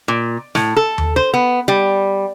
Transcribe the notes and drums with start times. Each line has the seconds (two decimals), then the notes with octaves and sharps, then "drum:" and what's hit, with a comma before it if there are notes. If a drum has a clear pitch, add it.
0.08 A#2
0.55 A2, drum: snare
0.76 A4
0.98 drum: tom D#2
1.16 C5
1.34 B3
1.68 G3